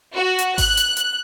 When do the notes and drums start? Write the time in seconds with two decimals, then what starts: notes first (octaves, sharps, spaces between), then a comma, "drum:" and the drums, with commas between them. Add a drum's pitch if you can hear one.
0.15 F#4
0.39 drum: hi-hat
0.58 F#6, drum: kick G#1, open hi-hat
0.77 drum: hi-hat
0.97 drum: hi-hat